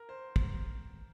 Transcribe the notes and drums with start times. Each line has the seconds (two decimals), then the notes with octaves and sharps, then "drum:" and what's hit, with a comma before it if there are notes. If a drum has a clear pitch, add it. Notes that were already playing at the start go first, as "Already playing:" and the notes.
Already playing: A#4
0.09 C5
0.36 drum: kick